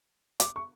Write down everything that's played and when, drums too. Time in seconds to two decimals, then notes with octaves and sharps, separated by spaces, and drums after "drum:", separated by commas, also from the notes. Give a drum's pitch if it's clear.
0.40 D6, drum: hi-hat
0.56 C#6